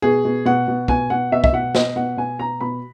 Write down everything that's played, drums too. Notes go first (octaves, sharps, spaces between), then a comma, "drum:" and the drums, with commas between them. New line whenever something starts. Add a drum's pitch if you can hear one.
B2 G#4
B2
B2 F#5
B2
B2 G#5, drum: kick
B2 F#5
B2 E5
E5, drum: kick
B2 F#5
B2 D#5, drum: snare
B2 F#5
B2 G#5
B2 A#5
B2 B5